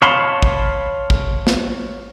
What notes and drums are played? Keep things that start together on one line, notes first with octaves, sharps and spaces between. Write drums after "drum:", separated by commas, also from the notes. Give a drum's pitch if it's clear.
C#5 F5 A5 B5 C6
drum: kick
drum: kick
drum: snare